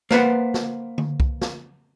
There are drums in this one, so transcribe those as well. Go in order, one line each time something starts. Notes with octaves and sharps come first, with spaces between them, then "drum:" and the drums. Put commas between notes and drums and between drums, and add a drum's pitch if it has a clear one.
A#3 B4 C5 F#5, drum: snare
drum: snare
drum: tom D3
drum: kick C2
drum: snare